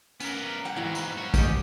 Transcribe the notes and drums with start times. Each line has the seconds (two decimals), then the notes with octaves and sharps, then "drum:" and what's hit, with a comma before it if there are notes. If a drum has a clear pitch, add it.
0.20 B3 C#4 A#4, drum: tambourine
0.65 G3 F#5 G5
0.76 G#2 E3 F#3 A#3 E4
0.95 drum: tambourine
1.18 C#4 F#4
1.34 G4 D#5, drum: kick, tambourine